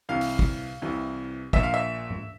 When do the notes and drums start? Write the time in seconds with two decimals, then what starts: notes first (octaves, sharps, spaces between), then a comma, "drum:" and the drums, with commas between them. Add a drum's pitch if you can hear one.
0.09 C2 C3 E3 F5
0.21 drum: open hi-hat
0.39 drum: kick
0.82 C2 C3 E3
1.53 A#1 A#2 E5, drum: kick
1.63 F5
1.74 E5
2.10 drum: tom G#2